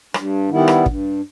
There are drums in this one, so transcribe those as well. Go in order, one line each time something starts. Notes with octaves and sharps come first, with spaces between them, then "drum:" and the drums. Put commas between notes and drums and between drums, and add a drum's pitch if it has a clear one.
G2, drum: rim click
D#3 G3 B3 E4
drum: rim click
G2, drum: kick